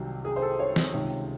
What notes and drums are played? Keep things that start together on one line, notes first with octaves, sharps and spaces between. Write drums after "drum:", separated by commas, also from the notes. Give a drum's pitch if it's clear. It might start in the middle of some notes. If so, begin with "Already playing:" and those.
Already playing: C2 C3 D#3 F#3
G#4
C5
A4
C#5
drum: snare
C#2 C3 D#3